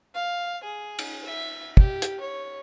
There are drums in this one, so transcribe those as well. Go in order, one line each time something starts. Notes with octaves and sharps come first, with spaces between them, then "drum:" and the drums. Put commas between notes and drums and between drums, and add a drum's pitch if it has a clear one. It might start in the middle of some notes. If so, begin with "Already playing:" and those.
F5
G#4
drum: cymbal
E5
G4, drum: kick
drum: hi-hat
C#5